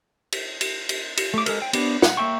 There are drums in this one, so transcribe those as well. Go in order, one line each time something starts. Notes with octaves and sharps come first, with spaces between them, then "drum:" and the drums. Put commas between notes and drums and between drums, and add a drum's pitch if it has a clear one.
drum: cymbal
drum: cymbal
drum: cymbal
drum: cymbal
A3 D6
G#3 A4 A#4, drum: cymbal
G5
B3 D4, drum: cymbal
F#5, drum: snare
A#3 E5 G5 C#6